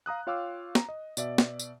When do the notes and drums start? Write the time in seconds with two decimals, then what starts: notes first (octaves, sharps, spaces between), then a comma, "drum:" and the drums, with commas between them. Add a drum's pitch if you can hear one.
0.06 F5 A#5 D#6 F#6
0.27 F4 C#5 F5 G5 D6 E6
0.75 A#5, drum: snare
0.89 D#5
1.17 B2 D5 E5, drum: tambourine
1.38 drum: snare
1.59 drum: tambourine